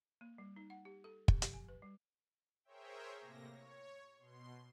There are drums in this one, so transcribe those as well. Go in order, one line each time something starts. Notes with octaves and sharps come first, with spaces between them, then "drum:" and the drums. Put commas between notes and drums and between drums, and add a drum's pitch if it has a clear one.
A#3
G3
D#4
F#5
G4
A4
G4, drum: kick
G4, drum: hi-hat
G#5
B4
G3
G#4 A#4 C5 C#5 E5 G5
A2 C3 A#3 A#6
C#5
B2 C6